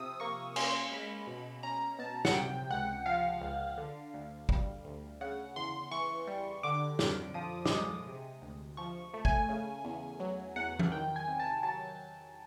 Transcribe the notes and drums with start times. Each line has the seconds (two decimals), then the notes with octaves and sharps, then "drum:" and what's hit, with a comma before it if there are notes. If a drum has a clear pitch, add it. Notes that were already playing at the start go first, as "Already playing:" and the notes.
Already playing: C3 F3 D#6 E6
0.20 A#3 C#6
0.56 C#4 C6, drum: cymbal
0.91 G#3 B5
1.27 B2
1.63 C#4 A#5
1.99 B2 A5
2.25 F#5, drum: snare
2.34 C3 G5
2.71 C#2 F#5
3.06 F3 F5
3.41 C#2
3.78 D3
4.14 D2
4.49 G3, drum: kick
4.85 D2
5.21 C#3 F#5
5.56 E2 C6
5.91 E3 C#6
6.27 G3
6.63 D3 D6
6.99 F2 D6, drum: snare
7.34 F3 D#6
7.66 D6, drum: snare
7.70 G#3 D#6
8.07 C3
8.42 D2
8.77 F3 C#6
9.14 A3
9.25 G#5, drum: kick
9.49 C#3
9.85 E2
10.20 F#3
10.56 E2 F#5
10.79 drum: tom E3
10.92 D#3 G5
11.16 G#5
11.28 C3
11.40 A5
11.63 F#3 A5